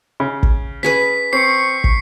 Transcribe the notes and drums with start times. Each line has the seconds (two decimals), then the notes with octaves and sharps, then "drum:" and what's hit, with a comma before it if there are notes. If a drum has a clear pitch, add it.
0.20 C#3
0.43 drum: kick
0.83 C#4 G#4 B4 B6
1.33 C4 C#6 C7 C#7
1.84 drum: kick